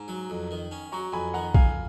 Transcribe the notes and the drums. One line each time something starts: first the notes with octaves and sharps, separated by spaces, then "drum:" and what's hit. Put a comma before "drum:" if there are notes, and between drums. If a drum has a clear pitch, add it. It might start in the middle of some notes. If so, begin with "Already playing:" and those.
Already playing: G#2 G#5 A#5
F#3
F2
D#3
C#4
F#3 A#5 C#6
F2 G#5 B5
D#3 F#5 A#5
F2 F5 G#5, drum: kick A#1